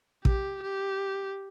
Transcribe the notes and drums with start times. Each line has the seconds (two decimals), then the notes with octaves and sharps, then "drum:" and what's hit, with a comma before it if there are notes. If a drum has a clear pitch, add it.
0.25 G4, drum: kick
0.63 G4